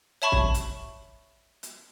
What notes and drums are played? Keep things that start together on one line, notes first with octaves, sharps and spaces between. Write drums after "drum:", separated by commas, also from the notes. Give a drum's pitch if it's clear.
C#5 E5 A5 B5 C#6
drum: kick
drum: hi-hat
drum: hi-hat